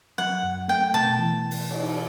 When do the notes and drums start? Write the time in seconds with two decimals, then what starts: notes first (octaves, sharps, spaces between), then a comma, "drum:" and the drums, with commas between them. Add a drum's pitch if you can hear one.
0.18 F#3 F#5
0.43 F#2
0.68 A3 G5
0.94 B2 A5
1.19 E3
1.51 drum: open hi-hat
1.71 drum: cymbal